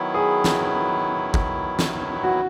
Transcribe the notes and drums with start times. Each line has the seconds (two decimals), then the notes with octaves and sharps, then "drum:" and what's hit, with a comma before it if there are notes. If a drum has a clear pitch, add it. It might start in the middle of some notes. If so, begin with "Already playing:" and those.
Already playing: D#3 F#3 B3 E4
0.14 G#4
0.44 drum: snare
1.34 drum: kick G1
1.79 drum: snare
2.23 F#4